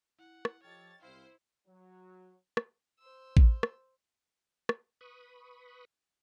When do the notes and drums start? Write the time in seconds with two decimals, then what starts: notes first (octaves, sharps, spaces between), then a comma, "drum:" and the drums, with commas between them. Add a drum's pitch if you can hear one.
0.18 E4 F#5
0.45 drum: rim click
0.63 F3 G4 A4 C#5 D#5 G5 F6 A6
1.02 C2 E4 C5 F5
1.67 F#3
2.57 drum: rim click
2.99 C5 E6
3.37 drum: kick A1
3.63 drum: rim click
4.69 drum: rim click
5.01 B4 B5 C#6 D#6